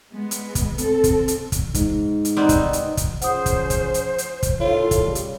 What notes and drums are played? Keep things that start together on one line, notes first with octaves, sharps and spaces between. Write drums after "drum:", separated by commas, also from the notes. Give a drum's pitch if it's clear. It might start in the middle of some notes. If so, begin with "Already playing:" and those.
G#3 B3
drum: hi-hat
drum: kick, hi-hat
C4 A4, drum: hi-hat
drum: kick, hi-hat
drum: hi-hat
drum: kick, hi-hat
G#2, drum: kick, hi-hat
drum: hi-hat
G3 B3 C4 D#4
drum: kick, hi-hat
drum: hi-hat
drum: kick, hi-hat
F3 C#4 G#4 C5 F#5 D#6, drum: hi-hat
drum: kick, hi-hat
drum: kick, hi-hat
drum: hi-hat
drum: hi-hat
drum: kick, hi-hat
A2 D#3 F4 A4 C#5
drum: kick, hi-hat
C#3 G3
drum: hi-hat